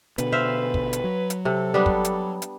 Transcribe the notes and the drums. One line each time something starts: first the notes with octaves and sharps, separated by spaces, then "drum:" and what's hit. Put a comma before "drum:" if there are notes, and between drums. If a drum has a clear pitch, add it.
B2 D3 B4, drum: hi-hat
C5 E5 F5
drum: kick
drum: hi-hat
F#3
drum: hi-hat
C3 A4
G3 B3 D4
drum: kick
drum: hi-hat
drum: hi-hat